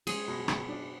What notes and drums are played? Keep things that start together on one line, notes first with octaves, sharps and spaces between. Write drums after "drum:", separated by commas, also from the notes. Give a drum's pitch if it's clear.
G#3 G#4, drum: cymbal
B2
B2, drum: rim click
D4